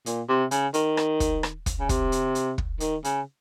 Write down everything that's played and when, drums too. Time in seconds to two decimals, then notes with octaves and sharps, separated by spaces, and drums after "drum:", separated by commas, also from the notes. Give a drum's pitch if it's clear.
0.06 A#2, drum: hi-hat
0.29 C3
0.51 C#3, drum: hi-hat
0.74 D#3, drum: hi-hat
0.97 drum: rim click
1.20 drum: kick, hi-hat
1.43 drum: rim click
1.66 drum: kick, hi-hat
1.80 C#3
1.89 C3, drum: kick, hi-hat
2.12 drum: hi-hat
2.35 drum: hi-hat
2.58 drum: kick
2.80 D#3, drum: hi-hat
3.04 C#3, drum: hi-hat